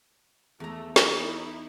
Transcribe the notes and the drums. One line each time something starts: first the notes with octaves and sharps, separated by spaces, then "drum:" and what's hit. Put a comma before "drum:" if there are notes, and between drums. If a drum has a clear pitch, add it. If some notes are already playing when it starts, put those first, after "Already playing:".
E2 A3 A#5
D#4 E4, drum: snare